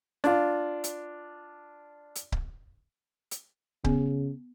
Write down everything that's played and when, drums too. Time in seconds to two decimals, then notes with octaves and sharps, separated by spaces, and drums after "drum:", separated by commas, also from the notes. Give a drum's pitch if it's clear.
0.24 D4 F4, drum: snare
0.84 drum: hi-hat
2.15 drum: hi-hat
2.32 drum: kick C#1
3.31 drum: hi-hat
3.84 C#3 B3, drum: kick C#1